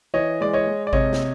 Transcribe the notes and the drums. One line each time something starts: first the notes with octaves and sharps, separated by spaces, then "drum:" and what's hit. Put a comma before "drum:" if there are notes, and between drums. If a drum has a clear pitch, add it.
E3 C#5 D#5
G#3 D5
C#5 D#5
G#3
D5
C3 C#5 D#5, drum: kick G#1
drum: snare